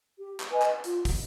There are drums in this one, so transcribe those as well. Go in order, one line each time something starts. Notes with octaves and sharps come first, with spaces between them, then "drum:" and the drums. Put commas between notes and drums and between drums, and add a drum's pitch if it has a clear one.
G4
drum: clap
B4 D#5 G#5
drum: clap
F4, drum: hi-hat
drum: kick, open hi-hat